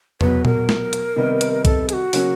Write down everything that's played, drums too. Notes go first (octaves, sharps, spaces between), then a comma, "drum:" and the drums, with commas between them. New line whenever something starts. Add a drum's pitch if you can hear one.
E2 B2 F#3 B4, drum: tom E2
A#4, drum: tom A#2
drum: snare
drum: hi-hat
C3 D#3 G3 B3 D#4
drum: hi-hat
A4, drum: kick B1, hi-hat
G#4, drum: hi-hat
F#4
C#3 F#3 A#3 C#4, drum: open hi-hat